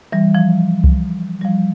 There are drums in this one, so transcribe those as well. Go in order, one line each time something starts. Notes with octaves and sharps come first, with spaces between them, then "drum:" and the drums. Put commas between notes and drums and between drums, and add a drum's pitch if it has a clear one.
E3 G3
F3
drum: kick C2
G3
F3